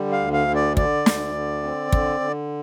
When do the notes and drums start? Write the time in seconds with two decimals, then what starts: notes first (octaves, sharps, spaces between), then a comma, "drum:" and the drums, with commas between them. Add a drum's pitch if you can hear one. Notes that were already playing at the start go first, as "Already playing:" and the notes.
Already playing: D3 G3
0.12 F5
0.19 D2
0.33 F5
0.48 D3
0.55 D5
0.77 D3 D5, drum: kick
1.06 D2, drum: snare
1.35 D3
1.63 C4
1.92 D3, drum: kick
2.20 D3